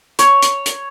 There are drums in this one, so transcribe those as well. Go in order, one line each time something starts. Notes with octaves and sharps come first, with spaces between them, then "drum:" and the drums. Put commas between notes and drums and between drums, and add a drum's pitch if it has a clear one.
C#5, drum: hi-hat
drum: hi-hat
drum: hi-hat